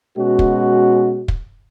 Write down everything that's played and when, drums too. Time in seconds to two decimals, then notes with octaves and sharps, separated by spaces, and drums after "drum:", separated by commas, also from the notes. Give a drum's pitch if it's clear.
0.16 B2 G#3 C#4 F#4
0.39 drum: kick
1.28 drum: kick